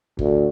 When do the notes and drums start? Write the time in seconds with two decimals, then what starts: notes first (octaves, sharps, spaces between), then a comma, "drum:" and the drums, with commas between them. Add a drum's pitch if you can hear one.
0.19 D2, drum: kick